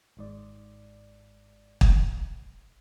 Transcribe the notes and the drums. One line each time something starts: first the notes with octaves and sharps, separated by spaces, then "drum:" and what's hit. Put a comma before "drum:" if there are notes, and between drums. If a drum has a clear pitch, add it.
G#1 G#2 D5
drum: kick